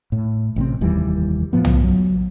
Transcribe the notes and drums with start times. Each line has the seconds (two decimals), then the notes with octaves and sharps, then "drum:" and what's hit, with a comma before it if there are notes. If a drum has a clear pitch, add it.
0.12 A2
0.56 A1 C3 C4
0.81 F1 D#2 E3 G3
1.53 A2 F3 B3
1.65 drum: tom
1.83 F#3